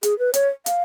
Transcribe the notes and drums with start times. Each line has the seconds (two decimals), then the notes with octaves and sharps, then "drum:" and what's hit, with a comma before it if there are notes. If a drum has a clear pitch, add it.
0.03 G#4, drum: hi-hat
0.19 B4
0.34 C#5, drum: hi-hat
0.66 F5, drum: hi-hat